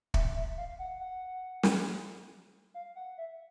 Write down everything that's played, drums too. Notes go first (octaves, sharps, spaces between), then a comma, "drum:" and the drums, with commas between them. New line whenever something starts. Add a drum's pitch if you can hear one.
E5, drum: kick
E5
F5
F#5
F#5
drum: snare
F5
F#5
E5